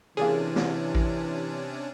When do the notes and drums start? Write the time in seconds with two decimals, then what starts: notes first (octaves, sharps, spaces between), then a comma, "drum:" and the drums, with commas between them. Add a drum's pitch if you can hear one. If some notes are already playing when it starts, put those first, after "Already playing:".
0.17 C3 E3 A#3 C#4 D4 G#4
0.56 drum: snare
0.95 drum: kick A1